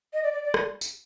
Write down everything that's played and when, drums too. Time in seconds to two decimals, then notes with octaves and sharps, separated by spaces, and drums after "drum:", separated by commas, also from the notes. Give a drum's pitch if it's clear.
0.13 D#5
0.23 D5
0.33 D5
0.44 D5
0.54 drum: rim click
0.81 drum: tambourine